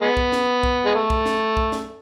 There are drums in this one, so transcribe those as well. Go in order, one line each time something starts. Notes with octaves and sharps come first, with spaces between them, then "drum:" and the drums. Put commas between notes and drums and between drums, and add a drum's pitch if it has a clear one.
G#3 B3
drum: kick
drum: snare
drum: kick
G#3
A3
drum: kick
drum: snare
drum: kick
drum: snare